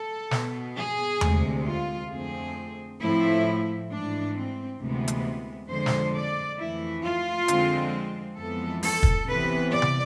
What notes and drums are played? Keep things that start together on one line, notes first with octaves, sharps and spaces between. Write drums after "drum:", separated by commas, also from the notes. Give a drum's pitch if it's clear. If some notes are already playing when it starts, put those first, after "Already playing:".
Already playing: A4
B2 B3, drum: snare
G#4
D2 C3 G#3, drum: tom E2
F4
F2 D3 A3 C4 G#4
A2 F3 A3 C4 E4
G#2 E3 G#3 D4
C4
D2 C3 E3 G#3 B3
drum: hi-hat
F2 D3 G#3 C5
drum: snare
D5
F2 E3 A3 E4
F4
F2 D3 G#3 C4, drum: hi-hat
F2 E3 G#3 B3 A4
A4, drum: open hi-hat
drum: kick
C3 E3 B3 B4
D5
drum: tom C3